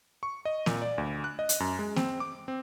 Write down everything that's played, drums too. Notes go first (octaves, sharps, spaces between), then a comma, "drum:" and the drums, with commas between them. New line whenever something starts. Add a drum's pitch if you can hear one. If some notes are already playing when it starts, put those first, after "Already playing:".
C#6
D#5
A#2, drum: snare A#3
D5
D2
F#6
D#5
drum: hi-hat
F#2
G#3
C4, drum: snare A#3
D6
C4